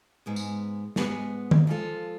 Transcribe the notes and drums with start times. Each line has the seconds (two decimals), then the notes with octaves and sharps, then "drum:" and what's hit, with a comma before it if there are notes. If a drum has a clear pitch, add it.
0.26 G#2 G#3 B3
0.36 drum: tambourine
0.96 G#2 G#3 B3, drum: snare
1.51 drum: tom
1.67 F3 G#3 B3 F4 A4